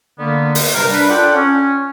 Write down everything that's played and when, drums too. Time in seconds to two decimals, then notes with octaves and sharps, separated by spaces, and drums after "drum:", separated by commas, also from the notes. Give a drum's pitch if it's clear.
0.19 D3 A#3 B3
0.55 drum: open hi-hat
0.74 G2 C3 G3 A#4
0.90 D4 B4
1.10 D4 F4 A4 F#5 G5 D6
1.35 C#4